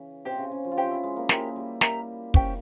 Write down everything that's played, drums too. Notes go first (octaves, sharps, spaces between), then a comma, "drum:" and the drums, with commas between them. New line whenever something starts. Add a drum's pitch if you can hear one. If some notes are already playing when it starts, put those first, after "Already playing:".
Already playing: C#3 E3
C3 G4 C5 G5
C#3
C#3
F3
F4
E4 G4 C5 G5
E4
G#3
A#3
G#3 G4 A#4 E5 A#5, drum: snare
G3
G4 A#4 E5 A#5, drum: snare
C#4 G4 C5 G5, drum: kick